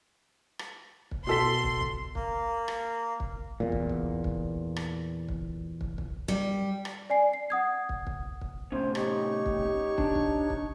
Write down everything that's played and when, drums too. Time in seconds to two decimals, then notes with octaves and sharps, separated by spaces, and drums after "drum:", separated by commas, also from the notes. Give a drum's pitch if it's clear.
0.59 drum: rim click
1.11 drum: kick
1.27 B2 A4 C6 B6
1.64 drum: kick
1.81 drum: kick
2.15 A#3, drum: kick
2.68 drum: rim click
3.20 drum: kick
3.60 E2 A#2
3.72 drum: kick
3.90 drum: kick
4.24 drum: kick
4.76 drum: rim click
5.29 drum: kick
5.81 drum: kick
5.98 drum: kick
6.28 G3
6.85 drum: rim click
7.10 D5 G#5 C7
7.33 C7
7.50 F#5 D#6 G#6
7.89 drum: kick
8.07 drum: kick
8.41 drum: kick
8.72 A2 C3 C#4 C5
8.95 D#4 G4 C#5 C#6, drum: rim click
9.46 drum: kick
9.98 D4, drum: kick
10.15 drum: kick
10.50 drum: kick